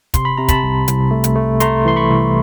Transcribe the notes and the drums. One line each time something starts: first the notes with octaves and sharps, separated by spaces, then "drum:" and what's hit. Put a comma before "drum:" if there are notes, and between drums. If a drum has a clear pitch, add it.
C3 C6, drum: kick, hi-hat
B5
C3 A#5
A5 B5, drum: kick, hi-hat
C2
C2, drum: hi-hat
A3
drum: hi-hat
A3
A3 A#5 C6, drum: hi-hat
E3 C6
B5 C#6
C2